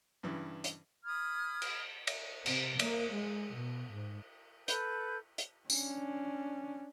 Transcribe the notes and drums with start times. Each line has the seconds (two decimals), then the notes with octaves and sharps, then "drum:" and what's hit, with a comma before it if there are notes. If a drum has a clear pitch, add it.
0.23 G2 C#3 E3
0.64 drum: hi-hat
1.04 B5 D#6 F6 G#6
1.62 drum: cymbal
2.07 drum: cymbal
2.46 C3, drum: cymbal
2.79 A#3, drum: cymbal
3.13 G#3
3.54 B2
3.91 G#2
4.68 A4 B4 G6, drum: hi-hat
5.38 drum: hi-hat
5.70 C#4 D4, drum: tambourine